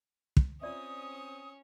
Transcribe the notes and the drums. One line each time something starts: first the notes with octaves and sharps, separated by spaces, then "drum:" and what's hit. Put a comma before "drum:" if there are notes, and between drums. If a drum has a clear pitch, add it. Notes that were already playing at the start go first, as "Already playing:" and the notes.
drum: kick
C4 C#4 F4 D5 E5 D#6